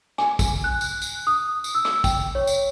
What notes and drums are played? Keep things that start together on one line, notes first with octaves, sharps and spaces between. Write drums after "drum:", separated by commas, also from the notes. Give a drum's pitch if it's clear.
G#5, drum: rim click
drum: kick, tambourine
F#6
drum: tambourine
drum: tambourine
D#6
drum: tambourine
E6
drum: rim click
G5, drum: kick, tambourine
C#5
drum: tambourine